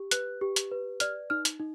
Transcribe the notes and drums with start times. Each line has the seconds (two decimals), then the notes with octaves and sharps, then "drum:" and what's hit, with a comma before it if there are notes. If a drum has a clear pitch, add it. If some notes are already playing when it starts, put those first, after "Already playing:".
Already playing: G4
0.11 B4 F#6, drum: hi-hat
0.41 G4
0.56 drum: hi-hat
0.71 B4
1.00 D5 F6, drum: hi-hat
1.30 D#4 F6
1.45 drum: hi-hat
1.59 D#4